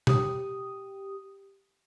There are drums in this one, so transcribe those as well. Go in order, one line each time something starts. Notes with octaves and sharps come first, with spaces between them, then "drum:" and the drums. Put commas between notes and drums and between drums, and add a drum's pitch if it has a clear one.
G4 D#6, drum: tom B2